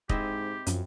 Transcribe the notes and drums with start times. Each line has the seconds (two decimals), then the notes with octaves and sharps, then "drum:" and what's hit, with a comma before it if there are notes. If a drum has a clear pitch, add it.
0.09 G#2 C4 E4 G4 D#5, drum: kick
0.66 F#2 F3, drum: hi-hat